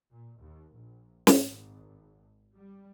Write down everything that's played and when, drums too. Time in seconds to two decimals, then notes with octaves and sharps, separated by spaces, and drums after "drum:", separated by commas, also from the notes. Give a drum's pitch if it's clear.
0.12 A#2
0.42 D#2
0.75 A#1
1.27 G#1, drum: snare
2.54 G3